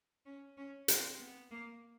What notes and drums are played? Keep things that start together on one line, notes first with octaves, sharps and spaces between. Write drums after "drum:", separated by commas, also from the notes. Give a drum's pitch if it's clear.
C#4
C#4
C4, drum: hi-hat
B3
A#3